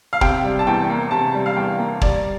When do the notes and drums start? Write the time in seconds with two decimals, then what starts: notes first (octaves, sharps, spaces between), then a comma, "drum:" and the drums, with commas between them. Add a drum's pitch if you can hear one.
0.13 F5
0.21 C3 G5, drum: kick
0.44 G3
0.59 A5
0.67 E2 G5
0.89 A#3
1.11 C3 A5
1.34 G3
1.46 F5
1.56 E2 G5
1.79 A#3
2.01 G3 D5, drum: kick